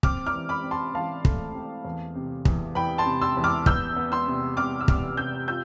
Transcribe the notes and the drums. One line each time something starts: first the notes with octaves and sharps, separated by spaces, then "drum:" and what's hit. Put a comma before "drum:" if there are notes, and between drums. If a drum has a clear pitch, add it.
C4 D6 F6, drum: kick
D6 F6
E3
B5 D6
C4
A5 C6
E3 F5 A5
A3, drum: kick
C4
E2
C3
E2, drum: kick
E3 G5 B5
A5 C6
C3
C6 E6
E2
D6 F6
B3 E6 G6, drum: kick
B3
C6 E6
C3
C3 D6 F6
E6
C3 D6 F6, drum: kick
C3 E6 G6
F4 E6 G6